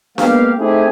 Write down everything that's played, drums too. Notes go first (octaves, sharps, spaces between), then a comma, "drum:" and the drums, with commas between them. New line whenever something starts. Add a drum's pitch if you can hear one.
G#3 A#3 B3 G4 F5, drum: snare D4
A3 C4 D#4 E4 G4 G#4